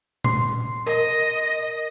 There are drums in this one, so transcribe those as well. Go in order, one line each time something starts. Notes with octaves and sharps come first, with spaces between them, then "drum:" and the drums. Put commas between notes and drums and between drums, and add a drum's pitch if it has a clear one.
C6 C7, drum: tom A#2
A#4 D#5, drum: hi-hat